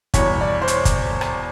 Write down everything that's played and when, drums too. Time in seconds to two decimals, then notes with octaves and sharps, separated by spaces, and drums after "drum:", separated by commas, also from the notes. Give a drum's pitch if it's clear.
0.14 E2 B2 G3 C#5, drum: kick, hi-hat
0.41 D5
0.62 C5
0.68 C#5, drum: hi-hat
0.85 drum: kick, hi-hat
1.21 drum: rim click